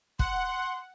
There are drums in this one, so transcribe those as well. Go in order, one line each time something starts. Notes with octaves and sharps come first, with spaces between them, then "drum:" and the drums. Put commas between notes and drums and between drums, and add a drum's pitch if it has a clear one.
F#5 C6, drum: kick